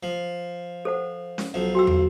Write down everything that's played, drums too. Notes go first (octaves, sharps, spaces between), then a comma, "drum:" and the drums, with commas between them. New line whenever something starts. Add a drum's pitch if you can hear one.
F3
A4 C5 F#5
drum: snare C#4
B1 F3
F#4 G5 E6
drum: tom